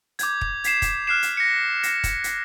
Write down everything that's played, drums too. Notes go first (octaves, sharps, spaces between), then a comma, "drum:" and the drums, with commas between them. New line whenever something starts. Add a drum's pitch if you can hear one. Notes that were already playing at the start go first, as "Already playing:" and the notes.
D6 G6 G#6, drum: hi-hat
drum: kick
G#6 B6 C7 E7, drum: hi-hat
drum: kick, hi-hat
F6 F#6 C7 E7
drum: hi-hat
A#6 C#7
A#6, drum: hi-hat
drum: kick, hi-hat
drum: hi-hat